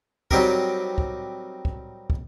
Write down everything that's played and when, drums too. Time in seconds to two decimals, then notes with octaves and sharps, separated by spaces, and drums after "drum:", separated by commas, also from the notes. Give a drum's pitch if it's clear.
0.31 F#3 G3 C4 D#4 G4 A#4, drum: kick
0.98 drum: kick
1.65 drum: kick
2.10 drum: kick